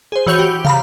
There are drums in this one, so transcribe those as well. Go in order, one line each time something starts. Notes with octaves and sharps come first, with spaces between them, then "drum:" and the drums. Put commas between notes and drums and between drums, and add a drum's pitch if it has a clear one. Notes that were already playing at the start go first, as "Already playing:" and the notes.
G#4 C5
E3 F#4 C#5 G6 F7
G4
F5 A#5 B5, drum: tom